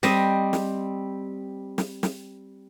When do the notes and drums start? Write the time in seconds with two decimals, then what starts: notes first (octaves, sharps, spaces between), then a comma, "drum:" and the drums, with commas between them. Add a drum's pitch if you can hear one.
0.03 G3 C4 D#5, drum: snare
0.53 drum: snare
1.78 drum: snare
2.03 drum: snare